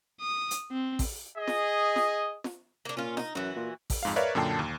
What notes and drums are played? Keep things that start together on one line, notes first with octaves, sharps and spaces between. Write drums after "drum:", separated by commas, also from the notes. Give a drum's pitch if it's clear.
D#6
drum: hi-hat
C4
drum: kick A1, open hi-hat
G#4 D#5
drum: snare
drum: snare
drum: snare
A#3 D4
A#2 C#4 F4
D#4, drum: snare
F#2 E3 F#4
A#2
drum: kick A1, open hi-hat
F2 G#2 F5
A#4 B4 C#5 D5 E5 F5
F#2 A#2 D3 G5 A5 C7
D#2